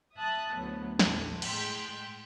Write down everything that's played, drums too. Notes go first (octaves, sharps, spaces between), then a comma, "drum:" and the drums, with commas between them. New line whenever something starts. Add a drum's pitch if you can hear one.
E5 A5 D#6 F#6
D2 A2 F#3 B3
A#1 E2 D3 E3, drum: snare
A2 G#3 G5 C6 B6, drum: cymbal